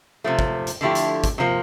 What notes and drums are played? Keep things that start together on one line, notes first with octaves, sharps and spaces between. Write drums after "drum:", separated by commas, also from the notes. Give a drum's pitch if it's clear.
C3 F3 A3
drum: kick
drum: hi-hat
D3 F3 A3 E4 G4
drum: hi-hat
drum: kick, hi-hat
C3 F3 A#3